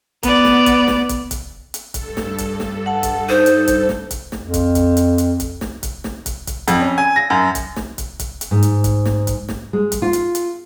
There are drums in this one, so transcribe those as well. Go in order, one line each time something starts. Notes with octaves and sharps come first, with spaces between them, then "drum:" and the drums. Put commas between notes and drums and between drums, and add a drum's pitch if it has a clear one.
B3 D5, drum: kick, hi-hat
drum: snare
drum: kick, hi-hat
drum: snare
drum: kick, hi-hat
drum: kick, hi-hat
drum: hi-hat
G2 A4, drum: kick, hi-hat
drum: snare
drum: kick, hi-hat
drum: snare
F#5 A5
drum: kick, hi-hat
D#4 C5
drum: hi-hat
drum: kick, hi-hat
drum: snare
drum: kick, hi-hat
drum: snare
F2
drum: kick, hi-hat
drum: kick, hi-hat
drum: hi-hat
drum: hi-hat
drum: kick, hi-hat
drum: snare
drum: kick, hi-hat
drum: snare
drum: kick, hi-hat
drum: kick, hi-hat
F2, drum: hi-hat
C#4
G#5
A#6
F#2
drum: kick, hi-hat
drum: snare
drum: kick, hi-hat
drum: kick, hi-hat
drum: hi-hat
G#2
drum: hi-hat
drum: kick, hi-hat
drum: snare
drum: kick, hi-hat
drum: snare
G#3
drum: kick, hi-hat
F4
drum: hi-hat
drum: hi-hat